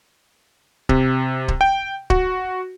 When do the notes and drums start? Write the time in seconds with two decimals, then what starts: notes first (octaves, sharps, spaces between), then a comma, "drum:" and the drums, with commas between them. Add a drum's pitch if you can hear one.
0.89 C3, drum: kick D1
1.48 drum: kick D1
1.61 G5
2.10 F#4, drum: kick D1